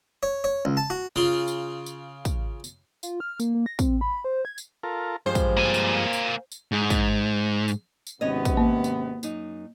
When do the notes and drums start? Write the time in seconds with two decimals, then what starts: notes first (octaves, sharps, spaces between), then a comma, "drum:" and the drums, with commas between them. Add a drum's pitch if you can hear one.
0.23 C#5
0.44 C#5
0.65 C#2
0.77 A5
0.90 F#4
1.16 C#3 F4 C6
1.48 drum: tambourine
1.86 drum: tambourine
2.25 drum: kick, tambourine
2.64 drum: tambourine
3.03 F4, drum: tambourine
3.20 F6
3.40 A#3, drum: tambourine
3.54 A#3
3.66 A#6
3.79 C4, drum: kick, tambourine
4.01 B5
4.24 C5
4.45 G#6
4.58 drum: tambourine
4.83 F4 A4 A#4
5.26 G2 F3 G#3 C5
5.35 drum: kick, tambourine
5.57 A#3 G#5
5.74 drum: tambourine
6.13 drum: tambourine
6.52 drum: tambourine
6.72 G#2
6.90 drum: kick, tambourine
7.68 drum: tambourine
8.07 drum: tambourine
8.21 G#1 C3 B3 C#4 C#5 D#5
8.45 drum: kick, tambourine
8.57 A#3
8.84 drum: tambourine
9.23 F#2 D#4, drum: tambourine